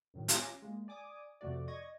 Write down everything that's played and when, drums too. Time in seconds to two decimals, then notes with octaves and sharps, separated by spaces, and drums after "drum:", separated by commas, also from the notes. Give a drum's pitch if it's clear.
0.14 F#2 A2 D#3 F#3
0.28 C#4 F4 D6 A#6, drum: hi-hat
0.62 G#3 A#3
0.88 D5 G#5 D6 D#6
1.41 F2 C3 A3 F#4 D5
1.68 D5 D#5 C#6 G#6 A#6